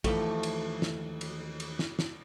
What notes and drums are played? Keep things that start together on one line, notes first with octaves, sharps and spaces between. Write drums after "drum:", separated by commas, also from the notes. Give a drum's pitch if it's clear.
D#2 E3 F3 A3, drum: kick A#1, cymbal
drum: cymbal
drum: snare
drum: cymbal
drum: cymbal
drum: snare
drum: snare